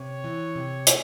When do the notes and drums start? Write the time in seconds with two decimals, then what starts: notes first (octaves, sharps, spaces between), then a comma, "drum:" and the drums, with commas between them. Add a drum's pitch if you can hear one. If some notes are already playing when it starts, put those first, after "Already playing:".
Already playing: C3 C#5
0.24 E3
0.56 C3
0.87 A3, drum: hi-hat